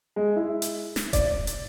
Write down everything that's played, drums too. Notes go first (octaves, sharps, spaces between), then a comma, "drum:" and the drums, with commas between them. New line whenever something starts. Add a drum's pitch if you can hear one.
G#3
E4
drum: hi-hat
drum: snare
D5, drum: kick E1, hi-hat
drum: hi-hat